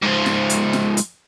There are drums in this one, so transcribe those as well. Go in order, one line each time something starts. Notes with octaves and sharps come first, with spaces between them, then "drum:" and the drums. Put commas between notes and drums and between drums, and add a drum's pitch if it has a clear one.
G#2 F3
drum: snare
drum: hi-hat
drum: snare
drum: hi-hat